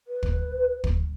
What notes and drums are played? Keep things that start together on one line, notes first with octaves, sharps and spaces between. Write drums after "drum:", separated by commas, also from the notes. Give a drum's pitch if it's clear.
B4
drum: kick
drum: kick